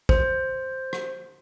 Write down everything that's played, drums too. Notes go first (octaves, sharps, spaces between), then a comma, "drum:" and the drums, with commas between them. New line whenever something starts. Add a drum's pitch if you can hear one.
C5, drum: kick
drum: rim click